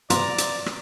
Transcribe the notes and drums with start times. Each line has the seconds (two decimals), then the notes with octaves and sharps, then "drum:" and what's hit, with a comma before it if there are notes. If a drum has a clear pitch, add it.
0.10 C3 B3 F4 D5 A#5, drum: hi-hat
0.38 drum: hi-hat
0.66 drum: rim click